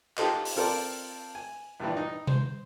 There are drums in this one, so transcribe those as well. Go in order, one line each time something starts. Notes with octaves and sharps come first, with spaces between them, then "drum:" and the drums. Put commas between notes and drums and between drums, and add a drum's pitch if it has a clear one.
D#4 F4 G4 A4 C5 D#5, drum: clap
drum: open hi-hat
C4 F4 A4 A#4 C5 D5
G#5
A#1 G2 A#2 E3
D#4
C5, drum: tom C3